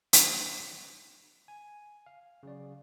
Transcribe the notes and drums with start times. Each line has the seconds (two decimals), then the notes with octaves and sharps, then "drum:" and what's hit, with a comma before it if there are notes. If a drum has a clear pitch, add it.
0.13 drum: hi-hat
1.48 G#5
2.06 F5
2.43 C#3 F#3 D5